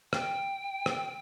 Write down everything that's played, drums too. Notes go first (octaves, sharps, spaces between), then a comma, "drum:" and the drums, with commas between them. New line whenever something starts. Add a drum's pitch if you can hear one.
G5, drum: rim click
drum: rim click